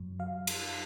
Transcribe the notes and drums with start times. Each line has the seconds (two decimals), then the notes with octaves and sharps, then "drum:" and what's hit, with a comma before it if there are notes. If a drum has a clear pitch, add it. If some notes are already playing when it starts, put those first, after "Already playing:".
Already playing: F#2 F#3
0.19 F#3 F5
0.47 drum: cymbal